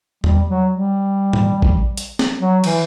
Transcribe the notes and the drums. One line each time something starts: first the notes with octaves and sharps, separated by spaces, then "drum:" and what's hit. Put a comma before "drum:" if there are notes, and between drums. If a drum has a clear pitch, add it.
G3, drum: tom E2
F#3
G3
drum: tom G#2
drum: kick A1
drum: hi-hat
drum: snare
F#3
E3, drum: cymbal